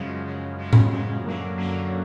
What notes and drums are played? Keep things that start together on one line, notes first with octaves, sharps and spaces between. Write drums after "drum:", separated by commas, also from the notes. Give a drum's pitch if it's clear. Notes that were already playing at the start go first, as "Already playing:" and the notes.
Already playing: F#2 C#3 F3 G#3
F#2 C#3 F3 G#3
F#2 C#3 F3 G#3
drum: tom A2
F#2 C#3 F3 G#3
F#2 D3 F#3 A#3
F#2 D3 F#3 A#3